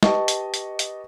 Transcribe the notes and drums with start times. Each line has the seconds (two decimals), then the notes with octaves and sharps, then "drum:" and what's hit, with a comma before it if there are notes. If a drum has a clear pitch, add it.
0.03 G4 B4 D#5 A5 C#6, drum: snare
0.28 drum: hi-hat
0.54 drum: hi-hat
0.79 drum: hi-hat